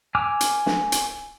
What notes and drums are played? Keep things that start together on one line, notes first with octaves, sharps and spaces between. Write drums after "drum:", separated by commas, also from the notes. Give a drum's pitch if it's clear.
G#5 D6 E6 F6
drum: hi-hat
drum: snare
drum: hi-hat